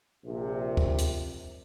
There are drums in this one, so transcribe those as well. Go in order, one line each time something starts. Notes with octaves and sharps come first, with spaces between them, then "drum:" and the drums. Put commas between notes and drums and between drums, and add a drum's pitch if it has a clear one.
A#1 C3
drum: kick
drum: hi-hat